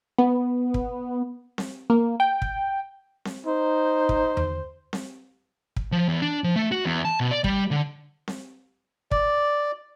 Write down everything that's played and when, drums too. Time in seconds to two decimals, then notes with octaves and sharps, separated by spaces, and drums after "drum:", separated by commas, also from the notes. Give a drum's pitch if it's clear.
0.18 B3
0.74 drum: kick
1.58 drum: snare C4
1.90 A#3
2.20 G5
2.42 drum: kick
3.25 drum: snare C4
3.47 D#4 C5
4.09 drum: kick
4.37 drum: tom E2
4.93 drum: snare C4
5.76 drum: kick
5.92 F3
6.09 E2
6.22 D4
6.44 F3
6.56 A3
6.72 F#4
6.85 E2
7.05 A5
7.20 B2
7.31 D5
7.44 G3, drum: kick
7.71 D3
8.28 drum: snare C4
9.11 D5, drum: kick